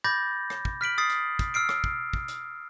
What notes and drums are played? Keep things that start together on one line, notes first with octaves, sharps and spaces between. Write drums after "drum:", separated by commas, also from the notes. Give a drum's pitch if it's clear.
B5 D6 G6 A6 A#6
drum: rim click
drum: kick
F6 B6 D7 F#7
D#6 A6 C7
drum: hi-hat
drum: kick, hi-hat
E6 F6 C7 D7
drum: rim click
drum: kick
drum: kick
drum: hi-hat